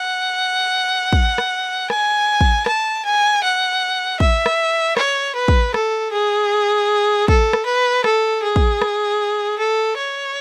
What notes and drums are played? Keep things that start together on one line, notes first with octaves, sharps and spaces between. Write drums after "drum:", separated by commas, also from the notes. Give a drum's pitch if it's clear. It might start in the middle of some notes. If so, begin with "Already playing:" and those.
Already playing: F#5
drum: kick
drum: rim click
G#5, drum: rim click
drum: kick
A5, drum: rim click
G#5
F#5
E5, drum: kick
drum: rim click
C#5, drum: rim click
B4
drum: kick
A4, drum: rim click
G#4
A4, drum: kick
drum: rim click
B4
A4, drum: rim click
G#4
drum: kick
drum: rim click
A4
C#5